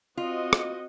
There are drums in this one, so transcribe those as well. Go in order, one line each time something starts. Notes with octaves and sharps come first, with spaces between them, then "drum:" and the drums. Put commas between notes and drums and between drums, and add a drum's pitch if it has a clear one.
C4 F4 F#4 D#5
drum: rim click